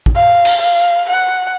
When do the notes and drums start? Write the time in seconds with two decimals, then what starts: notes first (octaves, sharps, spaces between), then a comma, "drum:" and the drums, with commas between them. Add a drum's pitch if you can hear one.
0.06 drum: kick
0.16 F5
0.45 drum: cymbal
0.62 F5
0.75 drum: tambourine
1.09 F#5